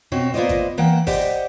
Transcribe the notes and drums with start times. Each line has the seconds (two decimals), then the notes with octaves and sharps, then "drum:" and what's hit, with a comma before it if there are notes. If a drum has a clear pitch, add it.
0.12 B2 C4 F#4 C#5
0.34 A#3 B3 F4 C5 D5 D#5
0.49 drum: kick, hi-hat
0.78 E3 A#3 F#5 G5
1.07 G4 C5 D5 D#5 F#5, drum: kick, open hi-hat